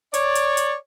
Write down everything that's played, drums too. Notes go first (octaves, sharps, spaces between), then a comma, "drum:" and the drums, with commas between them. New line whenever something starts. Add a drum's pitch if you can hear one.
C#5 D5, drum: hi-hat
drum: hi-hat
drum: hi-hat